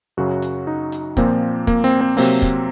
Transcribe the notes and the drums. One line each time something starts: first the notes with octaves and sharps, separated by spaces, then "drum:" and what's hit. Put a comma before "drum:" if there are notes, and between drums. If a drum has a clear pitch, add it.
F#2 C#3 F#3 F#4
drum: hi-hat
D#4
drum: hi-hat
A#2 F3 A#3 C4, drum: kick, hi-hat
A#3, drum: kick, hi-hat
C4
C4
C3 F#3 A#3 C4, drum: open hi-hat
drum: kick, hi-hat